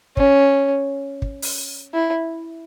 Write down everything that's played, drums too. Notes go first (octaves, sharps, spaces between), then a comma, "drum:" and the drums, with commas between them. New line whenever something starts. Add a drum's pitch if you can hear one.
C#4, drum: kick
drum: kick
drum: open hi-hat
E4